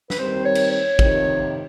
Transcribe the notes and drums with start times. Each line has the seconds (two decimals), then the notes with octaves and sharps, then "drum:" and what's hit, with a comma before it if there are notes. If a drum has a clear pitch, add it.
0.10 B4, drum: snare
0.19 D#2 D#3 G3 C4 C5
0.45 C#5
0.55 drum: cymbal
0.72 C#5
0.99 F2 C3 D#3, drum: kick